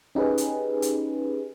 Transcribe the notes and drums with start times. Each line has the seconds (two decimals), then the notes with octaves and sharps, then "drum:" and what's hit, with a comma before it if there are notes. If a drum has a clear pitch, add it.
0.15 C#4 D#4 G4 G#4 B4
0.38 drum: hi-hat
0.82 drum: hi-hat